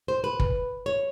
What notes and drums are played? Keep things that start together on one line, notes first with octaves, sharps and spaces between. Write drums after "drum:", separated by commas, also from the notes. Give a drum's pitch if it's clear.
C5
B4
drum: kick
C#5